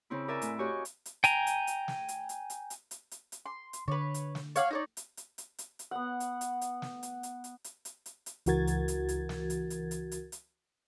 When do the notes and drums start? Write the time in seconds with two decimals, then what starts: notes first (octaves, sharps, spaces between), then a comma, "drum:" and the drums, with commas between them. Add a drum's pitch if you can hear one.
0.10 C#3 C4 E4
0.28 A#4 D5 E5 G#5
0.42 A2, drum: hi-hat
0.58 F#4 G4 C#5 D#5 G#5
0.85 drum: hi-hat
1.06 drum: hi-hat
1.24 G5 G#5 A#5, drum: hi-hat
1.47 drum: hi-hat
1.67 drum: hi-hat
1.88 drum: snare
2.08 drum: hi-hat
2.29 drum: hi-hat
2.50 drum: hi-hat
2.70 drum: hi-hat
2.91 drum: hi-hat
3.11 drum: hi-hat
3.32 drum: hi-hat
3.46 C6
3.73 drum: hi-hat
3.88 D3 B4 C#5
4.14 drum: hi-hat
4.35 drum: snare
4.56 C#5 F5 F#5, drum: hi-hat
4.71 D#4 C#5 D5
4.97 drum: hi-hat
5.17 drum: hi-hat
5.38 drum: hi-hat
5.59 drum: hi-hat
5.79 drum: hi-hat
5.91 B3 F#5
6.20 drum: hi-hat
6.41 drum: hi-hat
6.61 drum: hi-hat
6.82 drum: snare
7.03 drum: hi-hat
7.23 drum: hi-hat
7.44 drum: hi-hat
7.64 drum: hi-hat
7.85 drum: hi-hat
8.06 drum: hi-hat
8.26 drum: hi-hat
8.46 C#2 E3 F#4 A#4 G#6 A6, drum: hi-hat
8.67 drum: hi-hat
8.88 drum: hi-hat
9.09 drum: hi-hat
9.29 drum: snare
9.50 drum: hi-hat
9.70 drum: hi-hat
9.91 drum: hi-hat
10.11 drum: hi-hat
10.32 drum: hi-hat